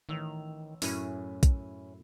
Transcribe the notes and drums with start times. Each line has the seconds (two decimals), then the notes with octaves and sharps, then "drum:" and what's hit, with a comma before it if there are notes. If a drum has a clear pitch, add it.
0.09 A1 D#3 E6 F7
0.82 F#2 A2 C#4 E4 B5 D#7, drum: open hi-hat
1.43 drum: kick A#1, hi-hat